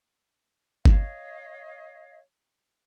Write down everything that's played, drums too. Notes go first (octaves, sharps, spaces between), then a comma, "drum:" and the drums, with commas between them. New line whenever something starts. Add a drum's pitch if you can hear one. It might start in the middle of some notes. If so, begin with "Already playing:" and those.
C#5 D#5 F5, drum: kick G1